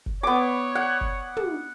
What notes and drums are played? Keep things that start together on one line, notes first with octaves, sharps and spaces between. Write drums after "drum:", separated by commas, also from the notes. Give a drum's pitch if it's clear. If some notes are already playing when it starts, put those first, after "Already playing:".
drum: kick
B3 C#5 D6
F#5
drum: kick
drum: tom